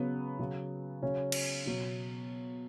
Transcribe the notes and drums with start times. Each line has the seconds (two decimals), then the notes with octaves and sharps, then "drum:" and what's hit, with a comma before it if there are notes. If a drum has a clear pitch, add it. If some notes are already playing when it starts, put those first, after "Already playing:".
Already playing: C#3 F#3 B3
0.39 C#3 F#3
1.02 C#3 F#3 C#4
1.32 drum: cymbal
1.66 B2 F#3